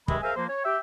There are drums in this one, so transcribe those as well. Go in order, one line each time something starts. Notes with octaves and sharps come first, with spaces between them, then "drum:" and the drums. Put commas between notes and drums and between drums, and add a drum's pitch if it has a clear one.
G2 C3 D#3 G#3 E5 B5, drum: kick
G#4 A#4 C5 E5 F5 G#5
F3 A#3 C5
C#5
G4 E5 G5